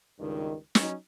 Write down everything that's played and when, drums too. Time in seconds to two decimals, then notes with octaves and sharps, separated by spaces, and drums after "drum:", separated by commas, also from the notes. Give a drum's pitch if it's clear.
0.19 C#2 G2 D#3
0.75 F#3 C#4 D#4, drum: snare